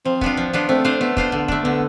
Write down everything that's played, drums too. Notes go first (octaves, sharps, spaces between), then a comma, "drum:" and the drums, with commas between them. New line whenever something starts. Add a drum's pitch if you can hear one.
F3 C4
B3 D4 F4, drum: kick
F3
B3 D4 F4
A3 C4
D4 F4 C5
A3 B3
D4 F4 C5, drum: kick
D3
A3 D4, drum: kick
D3 B3